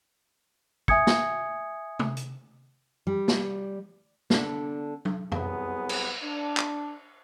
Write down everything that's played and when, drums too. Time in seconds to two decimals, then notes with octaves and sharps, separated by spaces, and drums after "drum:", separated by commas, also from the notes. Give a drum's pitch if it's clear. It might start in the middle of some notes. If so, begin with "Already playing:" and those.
0.88 E5 G#5 D#6 G#6 C#7, drum: kick
1.07 drum: snare
1.99 drum: tom
2.17 drum: hi-hat
3.07 G3
3.28 drum: snare
4.30 D3 B3 D4, drum: snare
5.05 drum: tom F#3
5.32 C2 F#3 B3 C4 G#4, drum: tom
5.89 drum: cymbal
6.23 D4
6.57 drum: clap